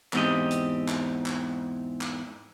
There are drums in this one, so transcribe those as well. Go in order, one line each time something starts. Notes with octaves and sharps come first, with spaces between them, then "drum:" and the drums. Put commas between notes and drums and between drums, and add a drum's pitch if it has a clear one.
E2 G#2 C4 G4 D#5, drum: clap
drum: hi-hat
drum: clap
drum: clap
drum: clap